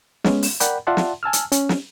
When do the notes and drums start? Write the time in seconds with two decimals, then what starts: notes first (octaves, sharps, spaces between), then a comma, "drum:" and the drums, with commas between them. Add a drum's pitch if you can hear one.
0.24 G#3 B3 C#4, drum: snare
0.43 drum: open hi-hat
0.60 A#4 D5 F#5 G5 B5, drum: hi-hat
0.87 F4 D5 E5 F#5 A5 C6
0.97 drum: snare
1.23 G#5 A5 E6 F6
1.33 drum: hi-hat
1.52 C#4, drum: hi-hat
1.69 drum: snare